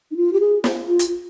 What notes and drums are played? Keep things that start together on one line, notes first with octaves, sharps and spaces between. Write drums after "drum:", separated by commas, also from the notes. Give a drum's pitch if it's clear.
D#4
F4
G4
G#4
drum: snare
F4
drum: hi-hat